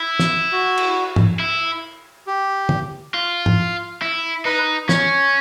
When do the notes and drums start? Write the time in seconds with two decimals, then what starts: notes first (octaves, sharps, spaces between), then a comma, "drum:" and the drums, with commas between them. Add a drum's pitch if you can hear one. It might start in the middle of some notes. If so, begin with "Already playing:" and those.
Already playing: E4
0.19 drum: snare
0.52 F#4
0.77 drum: cymbal
1.16 drum: tom G#2
1.40 E4
2.27 G4
2.69 drum: tom
3.14 F4
3.46 drum: tom G#2
4.02 E4
4.45 D#4 B4
4.89 C#4 C#5, drum: snare